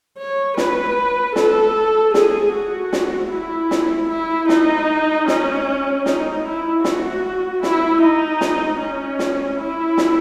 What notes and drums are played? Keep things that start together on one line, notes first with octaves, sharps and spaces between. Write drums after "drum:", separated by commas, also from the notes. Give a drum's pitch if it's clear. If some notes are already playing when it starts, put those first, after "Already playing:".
C#5
B4, drum: snare
A4, drum: snare
G#4, drum: snare
F#4
drum: snare
E4
drum: snare
E4
D#4, drum: snare
C#4, drum: snare
D#4, drum: snare
E4
F#4, drum: snare
E4, drum: snare
D#4
drum: snare
C#4
drum: snare
E4
drum: snare